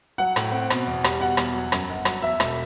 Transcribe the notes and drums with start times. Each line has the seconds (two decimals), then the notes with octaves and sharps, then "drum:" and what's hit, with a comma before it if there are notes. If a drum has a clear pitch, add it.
0.18 F#3 F#5
0.36 A2, drum: rim click
0.52 C4
0.70 B2, drum: rim click
0.87 E2
1.04 G3, drum: rim click
1.21 B2 F#5
1.37 E2, drum: rim click
1.54 F#3
1.72 F#2, drum: rim click
1.89 G1
2.05 F#3, drum: rim click
2.22 E2 E5
2.40 E1, drum: rim click